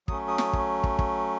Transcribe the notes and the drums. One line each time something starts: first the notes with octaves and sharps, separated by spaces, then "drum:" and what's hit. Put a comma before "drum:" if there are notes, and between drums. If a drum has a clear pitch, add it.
F#3 A3 C#4 D#6, drum: kick
D#6
drum: snare
drum: kick
drum: kick
drum: kick